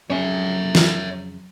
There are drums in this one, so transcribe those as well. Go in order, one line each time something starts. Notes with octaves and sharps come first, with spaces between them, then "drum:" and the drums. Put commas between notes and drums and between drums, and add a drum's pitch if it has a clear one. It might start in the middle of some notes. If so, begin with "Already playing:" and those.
F2 C#3 F#3 C#4 C#5 E5
drum: snare